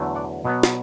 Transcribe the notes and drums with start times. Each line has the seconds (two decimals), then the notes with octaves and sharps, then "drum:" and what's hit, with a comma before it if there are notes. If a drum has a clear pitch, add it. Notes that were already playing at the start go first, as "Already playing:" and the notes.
Already playing: E2 D3 F#3 A3
0.15 D5 F#5
0.45 B2 F#3 B3
0.63 drum: snare